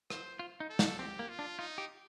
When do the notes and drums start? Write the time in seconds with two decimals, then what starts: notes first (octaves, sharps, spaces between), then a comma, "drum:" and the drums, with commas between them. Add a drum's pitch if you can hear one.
0.10 C5, drum: rim click
0.39 F4
0.60 D#4
0.70 A4
0.79 D#4, drum: snare
0.99 C4 G4
1.19 A#3
1.29 F4
1.39 D4
1.59 D#4 F4
1.78 G4